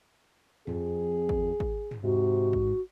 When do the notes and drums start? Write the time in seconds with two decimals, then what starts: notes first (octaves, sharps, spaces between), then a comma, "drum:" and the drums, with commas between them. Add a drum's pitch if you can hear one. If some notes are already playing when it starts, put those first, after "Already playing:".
0.67 F2 G#4, drum: tom
1.29 drum: kick G#1
1.60 drum: kick G#1
1.91 drum: tom
2.04 G#2 C3 F#4
2.53 drum: kick G#1